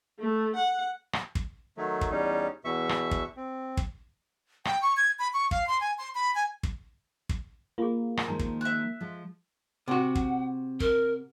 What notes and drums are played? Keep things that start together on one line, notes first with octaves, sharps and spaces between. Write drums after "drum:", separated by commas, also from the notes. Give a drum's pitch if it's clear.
A3
F#5
drum: rim click
drum: kick
D#3 F#3 A3
drum: kick
E2 G3 C#4 D#4
E2 B2 E3 E5 C#6
drum: rim click
drum: kick
C4
drum: kick
G5, drum: rim click
C#6
G#6
B5
C#6
F5, drum: kick
C6
G#5
C6
B5
G#5
drum: kick
drum: kick
A#3 F4 G#4
drum: rim click
D#3 F3 G#3 A#5
drum: kick
E5 F#6
F3 G#3
C3 F#4 F#5
drum: kick
A#4, drum: kick